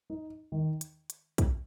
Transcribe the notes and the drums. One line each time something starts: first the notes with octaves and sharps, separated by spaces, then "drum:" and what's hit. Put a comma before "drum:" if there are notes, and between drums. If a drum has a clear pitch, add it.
D#4
D#3
drum: hi-hat
drum: hi-hat
drum: kick, hi-hat